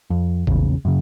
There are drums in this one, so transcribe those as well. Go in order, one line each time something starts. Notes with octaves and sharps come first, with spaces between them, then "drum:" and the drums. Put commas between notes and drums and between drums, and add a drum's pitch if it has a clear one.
F2
A#1 E2 C#3, drum: kick A1
F#2 C#3